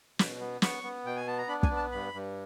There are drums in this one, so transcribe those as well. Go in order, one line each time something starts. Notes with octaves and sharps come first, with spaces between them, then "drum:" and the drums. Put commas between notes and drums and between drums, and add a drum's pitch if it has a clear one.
B2, drum: snare
B3
B3 C#6, drum: snare
B3
B2 G5
G#5
B3 A5
A#5
D4 B5
G#5, drum: kick
B3
A5
G2 B5
G2